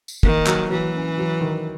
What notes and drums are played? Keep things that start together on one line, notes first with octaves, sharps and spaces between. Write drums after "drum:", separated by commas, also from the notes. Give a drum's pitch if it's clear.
drum: tambourine
D#3 A#3, drum: kick
F#3, drum: clap
E3 F#3
C#4
F#3
D#3